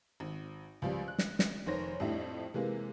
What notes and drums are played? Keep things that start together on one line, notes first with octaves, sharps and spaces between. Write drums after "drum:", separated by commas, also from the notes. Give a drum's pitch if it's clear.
G#1
C#2 F3 G3
F#6
drum: snare
drum: snare
F1 D#3 C5 C#5 A#6
F2 A2 G3 C4 D4 E4
C3 E3 G#3 A#3